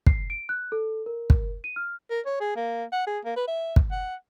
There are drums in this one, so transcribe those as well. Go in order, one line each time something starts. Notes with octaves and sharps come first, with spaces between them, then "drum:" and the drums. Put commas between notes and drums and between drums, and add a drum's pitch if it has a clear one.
C7, drum: kick
D7
F#6
A4
A#4
drum: kick
D#7
F6
A#4
C#5
G#4
A#3
F#5
G#4
A#3
B4
E5
drum: kick
F#5